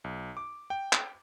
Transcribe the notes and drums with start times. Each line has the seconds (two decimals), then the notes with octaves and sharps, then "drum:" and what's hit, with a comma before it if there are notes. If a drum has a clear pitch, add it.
0.04 B1
0.37 D6
0.70 G5
0.93 drum: clap